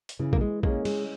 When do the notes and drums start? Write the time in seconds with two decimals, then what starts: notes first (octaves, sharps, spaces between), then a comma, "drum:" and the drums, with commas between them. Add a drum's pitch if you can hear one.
0.09 drum: hi-hat
0.19 C#3 E3
0.33 A#3, drum: kick A#1
0.41 G#3
0.63 G#3 A#3 C#4 G#4, drum: kick A#1
0.85 G#3, drum: cymbal